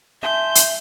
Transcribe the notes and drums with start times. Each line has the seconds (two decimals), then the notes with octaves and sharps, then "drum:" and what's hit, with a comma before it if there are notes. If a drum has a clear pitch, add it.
0.23 E5 G#5 A5 C6 G6
0.55 drum: hi-hat